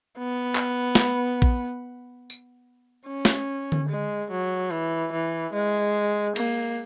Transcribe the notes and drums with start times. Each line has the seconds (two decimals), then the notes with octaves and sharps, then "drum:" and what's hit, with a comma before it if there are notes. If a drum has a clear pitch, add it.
0.18 B3
0.55 drum: clap
0.95 drum: snare
1.42 drum: kick A#1
2.30 drum: tambourine
3.06 C#4
3.25 drum: snare
3.72 drum: tom D3
3.89 G#3
4.31 F#3
4.71 E3
5.12 E3
5.53 G#3
6.36 A#3, drum: cymbal